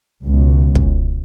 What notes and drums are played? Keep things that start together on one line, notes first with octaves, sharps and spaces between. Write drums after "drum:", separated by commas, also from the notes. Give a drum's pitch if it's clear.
C#2 B2
drum: kick